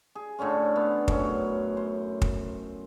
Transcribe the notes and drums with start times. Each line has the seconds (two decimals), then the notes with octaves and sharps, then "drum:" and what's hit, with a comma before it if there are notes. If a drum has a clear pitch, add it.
0.15 G#4
0.38 A2 D3 C#4 F4
0.76 B3 F5
1.08 F#2 A2 C#4 F5, drum: kick
1.77 C5
2.22 drum: kick